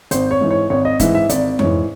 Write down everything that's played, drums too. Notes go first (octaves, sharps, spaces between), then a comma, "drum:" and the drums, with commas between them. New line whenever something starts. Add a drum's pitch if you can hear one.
G#1 C5, drum: hi-hat
C#5
G#2 E3
C#5
G#1 C#5
D#5
G#2 E3 E5, drum: kick F1, hi-hat
E5
G#1 D5, drum: hi-hat
G#2 E3 C#5, drum: tom F2